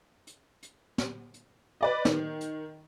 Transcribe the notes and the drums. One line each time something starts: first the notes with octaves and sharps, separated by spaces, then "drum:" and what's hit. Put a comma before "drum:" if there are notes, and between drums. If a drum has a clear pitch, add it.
drum: hi-hat
drum: hi-hat
drum: snare
drum: hi-hat
B4 D5 D#5
D#3, drum: snare
drum: hi-hat